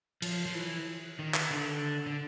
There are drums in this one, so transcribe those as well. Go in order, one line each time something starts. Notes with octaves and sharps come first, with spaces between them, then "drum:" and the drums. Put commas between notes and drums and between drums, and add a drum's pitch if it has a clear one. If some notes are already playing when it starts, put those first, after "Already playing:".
F3, drum: cymbal
F3
E3
D#3
drum: clap
D3
D3